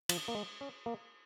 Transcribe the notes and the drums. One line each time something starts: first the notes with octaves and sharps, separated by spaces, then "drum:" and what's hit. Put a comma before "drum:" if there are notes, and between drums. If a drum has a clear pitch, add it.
F3, drum: cymbal
A#3
G#3
C#4
A#3